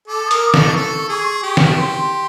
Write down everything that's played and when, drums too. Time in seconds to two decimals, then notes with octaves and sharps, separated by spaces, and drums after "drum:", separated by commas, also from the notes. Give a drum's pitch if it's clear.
0.08 A4 D6
0.25 D#6
0.31 A#4, drum: hi-hat
0.42 D6
0.54 A4, drum: snare
0.59 C#6
0.76 A4
1.09 G#4
1.44 G4 C#6
1.57 drum: snare
1.77 C6